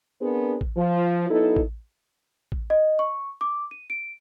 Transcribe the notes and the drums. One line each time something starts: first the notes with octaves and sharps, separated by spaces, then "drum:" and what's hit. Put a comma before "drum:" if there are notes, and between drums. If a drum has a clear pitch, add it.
B3 C4 D4 G#4 A#4 C5
drum: kick A1
F3
F#3 B3 D#4 E4 A4
drum: kick A1
drum: kick A1
D#5
C#6
D6
D#7
D7